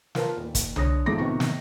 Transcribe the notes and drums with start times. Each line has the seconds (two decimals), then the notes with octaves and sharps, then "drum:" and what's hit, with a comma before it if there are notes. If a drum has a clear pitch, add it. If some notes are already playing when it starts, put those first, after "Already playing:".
0.15 F4 A#4 B4 A5, drum: snare
0.37 D#1
0.55 drum: kick, hi-hat
0.76 D3 C#5 D#6 A#6, drum: tom C2
1.06 G#2 F3 A3 D#4 D6 A#6
1.18 A2 C3 D#3 B3 C#6
1.40 drum: snare